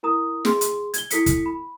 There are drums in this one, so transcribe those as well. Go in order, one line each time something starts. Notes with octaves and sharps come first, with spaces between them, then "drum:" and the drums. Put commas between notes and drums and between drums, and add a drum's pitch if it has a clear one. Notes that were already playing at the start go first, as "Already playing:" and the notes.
E4 A#4 A#5 D#6
G#4 C6, drum: snare
drum: hi-hat
G#6 G7, drum: hi-hat
E4 A4 B6 C#7, drum: hi-hat
drum: kick, hi-hat
B5